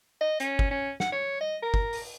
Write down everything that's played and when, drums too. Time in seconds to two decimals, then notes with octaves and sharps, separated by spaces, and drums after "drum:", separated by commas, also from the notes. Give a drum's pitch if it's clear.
0.21 D#5
0.40 C#4, drum: hi-hat
0.59 drum: kick G1
0.71 C#4
1.00 F#5, drum: snare
1.12 C#5
1.41 D#5
1.62 A#4
1.74 drum: kick G1
1.93 drum: open hi-hat